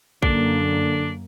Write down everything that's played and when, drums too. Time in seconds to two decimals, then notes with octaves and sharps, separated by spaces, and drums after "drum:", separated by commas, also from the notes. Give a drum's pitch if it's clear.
0.23 F#2 D3 A#3 D4, drum: kick